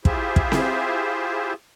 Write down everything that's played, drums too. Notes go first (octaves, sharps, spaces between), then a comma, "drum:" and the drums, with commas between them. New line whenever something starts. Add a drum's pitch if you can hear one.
E4 F4 G4 G#4 C5 E5, drum: kick
drum: kick
drum: snare C4